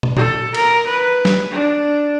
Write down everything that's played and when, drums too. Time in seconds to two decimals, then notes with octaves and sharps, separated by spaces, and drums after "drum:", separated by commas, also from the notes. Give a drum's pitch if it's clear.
0.03 drum: tom
0.17 A4, drum: tom
0.54 A#4, drum: cymbal
0.87 B4
1.25 drum: snare
1.51 D4